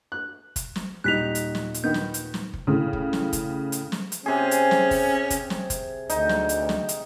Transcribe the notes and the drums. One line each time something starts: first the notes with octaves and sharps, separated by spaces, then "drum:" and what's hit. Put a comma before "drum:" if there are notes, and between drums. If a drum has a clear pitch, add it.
F#6
drum: kick, hi-hat
drum: snare
D#1 G3 D#4 F#6 B6 F7
drum: hi-hat
drum: snare
drum: hi-hat
D#3 B3 G6
drum: snare
drum: hi-hat
drum: snare
drum: kick
A2 C#3
drum: kick
drum: snare
drum: kick, hi-hat
drum: hi-hat
drum: snare
drum: hi-hat
C3 C#4 G#4
drum: hi-hat
drum: snare
drum: kick, open hi-hat
drum: kick, hi-hat
drum: snare
drum: kick, hi-hat
D2 D#4, drum: hi-hat
drum: snare
drum: hi-hat
drum: snare
drum: hi-hat